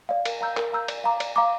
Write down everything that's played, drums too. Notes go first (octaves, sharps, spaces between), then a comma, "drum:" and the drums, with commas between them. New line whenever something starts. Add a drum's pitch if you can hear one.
D5 F5
A#4, drum: cymbal
F5 A#5 E6 G6
A#4, drum: clap
F5 A#5 E6 G6
D5, drum: cymbal
F5 A#5 D6
D5, drum: cymbal
F5 A#5 D6